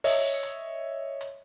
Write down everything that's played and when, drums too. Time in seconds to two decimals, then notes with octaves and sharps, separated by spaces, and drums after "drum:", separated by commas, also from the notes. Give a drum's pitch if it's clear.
0.04 C#5 D#5 E5, drum: open hi-hat
0.43 drum: hi-hat
1.21 drum: hi-hat